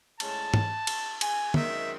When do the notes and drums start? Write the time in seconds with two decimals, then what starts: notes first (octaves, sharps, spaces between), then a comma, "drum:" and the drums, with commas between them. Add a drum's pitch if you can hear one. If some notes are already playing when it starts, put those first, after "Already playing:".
0.20 A2 G#3 C#4 A5, drum: cymbal
0.54 drum: tom G#2
0.87 drum: cymbal
1.21 G#5, drum: cymbal
1.54 F#2 D#3 G#3 C4 E5, drum: tom